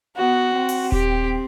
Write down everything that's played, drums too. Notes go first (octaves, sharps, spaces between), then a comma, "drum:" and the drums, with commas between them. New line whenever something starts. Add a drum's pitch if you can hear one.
B3 F#4
C4
drum: open hi-hat
G4, drum: kick D#1